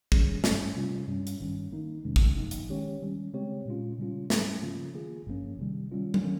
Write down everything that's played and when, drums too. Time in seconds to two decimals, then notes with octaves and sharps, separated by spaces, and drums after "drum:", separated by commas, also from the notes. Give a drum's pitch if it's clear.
0.12 G#2 D#3 G3 C#4 G#4, drum: kick
0.44 G2 G3 C#4, drum: snare
0.76 C3 G3 C#4 F4
1.08 G2 G3 C#4
1.27 drum: hi-hat
1.41 G1 G2 D#3 G3 C#4
1.72 D#3 A#3 D#4
2.05 F2 C3 D#3 G#3 C#4
2.16 drum: kick
2.37 G1 G2 F3 A#3 D#4
2.51 drum: hi-hat
2.69 D#3 G#3 C#4 G4 C#5
3.02 D#3 G3 C#4
3.34 C#3 G#3 C4 G4 C#5
3.66 A#2 G#3 C#4 F4
3.99 C#3 G3 C#4 F4
4.30 G#2 G3 C#4, drum: snare
4.62 C#3 F3 A#3 C#4 F4
4.95 D#3 A#3 F4 G#4
5.27 G1 G2 F3 A#3 C#4
5.59 C3 D#3 G3
5.91 D#3 G3 C#4 F4
6.14 drum: tom F#3
6.24 D#3 A#3 C#4